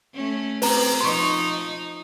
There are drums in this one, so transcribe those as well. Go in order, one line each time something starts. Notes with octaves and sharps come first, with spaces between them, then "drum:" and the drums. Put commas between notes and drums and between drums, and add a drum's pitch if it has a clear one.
A3 C#4
C4 B4 A#5, drum: open hi-hat
F3 D#4 C6 C#6